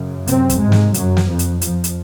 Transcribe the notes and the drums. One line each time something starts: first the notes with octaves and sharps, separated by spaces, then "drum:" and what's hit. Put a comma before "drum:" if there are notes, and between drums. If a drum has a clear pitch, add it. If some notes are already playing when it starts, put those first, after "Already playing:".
Already playing: F#2 C#3
C3 C4, drum: hi-hat
drum: kick, hi-hat
G#2 G#3
drum: snare
F#2 F#3, drum: hi-hat
drum: snare
F2 F3
drum: hi-hat
F2 F3, drum: hi-hat
drum: hi-hat